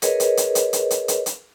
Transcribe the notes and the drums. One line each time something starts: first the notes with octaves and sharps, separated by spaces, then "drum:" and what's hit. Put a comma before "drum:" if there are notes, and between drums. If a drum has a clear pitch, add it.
G#4 A#4 B4 C#5 D#5, drum: hi-hat
drum: hi-hat
drum: hi-hat
drum: hi-hat
drum: hi-hat
drum: hi-hat
drum: hi-hat
drum: hi-hat